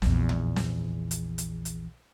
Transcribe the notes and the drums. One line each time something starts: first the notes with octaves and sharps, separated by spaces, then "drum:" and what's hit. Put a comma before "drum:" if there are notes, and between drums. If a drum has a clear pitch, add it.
A#1 E2, drum: snare
drum: tom
drum: snare
drum: hi-hat
drum: hi-hat
drum: hi-hat